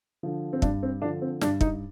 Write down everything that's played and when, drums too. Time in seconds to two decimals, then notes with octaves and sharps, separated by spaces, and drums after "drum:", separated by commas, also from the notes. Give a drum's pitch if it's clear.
0.23 D3 F3
0.53 C4
0.62 G2 D4, drum: kick
0.83 C4
1.01 D3 F3 D4
1.22 C4
1.41 G2 D4, drum: snare
1.61 D#4, drum: kick